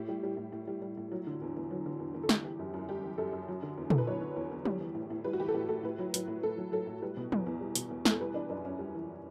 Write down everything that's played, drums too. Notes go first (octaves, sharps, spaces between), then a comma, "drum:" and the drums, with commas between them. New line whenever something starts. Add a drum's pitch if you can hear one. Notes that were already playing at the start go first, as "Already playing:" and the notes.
Already playing: A2 G4
G3
G3
A2
A2
G3
G3
A2
F#3
D3
E2
E2
F#3
D3
E2
E2
A4
G3 G4, drum: snare
E3
F#2
F#2
G3 G4
E3
F#2 A4
F#2
F#3
D3
E2
E2 A4, drum: tom
B4
F#3 C#5
D3
E2
E2
G3, drum: tom F3
E3
A2
A2
G3 B4
F#4
E3 G4
A4
A2 G4
A2 A4
A2 B4
F#3
F#3 B4, drum: hi-hat
A2
A2 A4
F#3
F#3 A4
A2
G3 B4
B2
E2, drum: tom F3
E2
G3
B2, drum: hi-hat
E2
E2, drum: snare
A4
G3 B4
E3 D4
F#2 D4
F#2 C#4
G3
E3